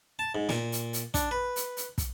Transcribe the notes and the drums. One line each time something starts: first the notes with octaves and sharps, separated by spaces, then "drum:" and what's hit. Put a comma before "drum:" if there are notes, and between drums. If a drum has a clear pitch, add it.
A5
G#2
A#2, drum: snare
drum: hi-hat
drum: hi-hat
D4, drum: kick, hi-hat
B4
drum: hi-hat
drum: hi-hat
drum: kick, hi-hat